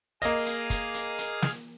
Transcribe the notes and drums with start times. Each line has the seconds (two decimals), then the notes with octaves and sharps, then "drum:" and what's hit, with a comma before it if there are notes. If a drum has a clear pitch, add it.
0.22 A#3 G#4 D#5 F5 D#6, drum: hi-hat
0.46 drum: hi-hat
0.70 drum: kick, hi-hat
0.94 drum: hi-hat
1.18 drum: hi-hat
1.42 drum: snare